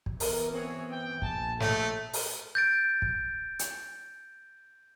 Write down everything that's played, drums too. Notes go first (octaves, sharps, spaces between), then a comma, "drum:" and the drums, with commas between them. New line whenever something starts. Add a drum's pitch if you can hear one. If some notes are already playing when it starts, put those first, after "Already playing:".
drum: kick
E3 B3 A#4, drum: open hi-hat
C4 F#4 G#4 C#5
G5
A#1 G#5 A5, drum: kick
A3 B3 C4 D#4 C#5, drum: snare
drum: open hi-hat
G6 A6 D7
drum: kick
drum: hi-hat